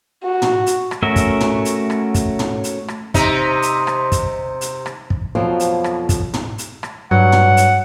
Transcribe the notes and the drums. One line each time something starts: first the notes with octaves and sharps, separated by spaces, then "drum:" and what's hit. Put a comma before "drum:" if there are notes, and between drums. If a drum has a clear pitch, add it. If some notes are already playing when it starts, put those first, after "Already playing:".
F#4
drum: tom
drum: hi-hat
drum: rim click
A3 C#4 F#4 A#4 E5
drum: kick, hi-hat
drum: tom
drum: hi-hat
drum: rim click
drum: kick, hi-hat
drum: tom
drum: hi-hat
drum: rim click
C3 D#4, drum: kick, hi-hat
drum: hi-hat
drum: rim click
drum: kick, hi-hat
drum: hi-hat
drum: rim click
drum: kick
F2 B2 F3 F#3 C4 F4
drum: hi-hat
drum: rim click
drum: kick, hi-hat
drum: tom
drum: hi-hat
drum: rim click
G2 F#3 F#5
drum: tom
drum: hi-hat